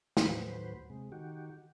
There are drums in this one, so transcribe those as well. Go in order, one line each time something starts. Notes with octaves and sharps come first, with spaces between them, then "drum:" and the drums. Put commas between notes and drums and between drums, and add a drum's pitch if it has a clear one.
D#2 A2 F#3 B4 C5, drum: snare
C3 G#3
D#3 F#4 G4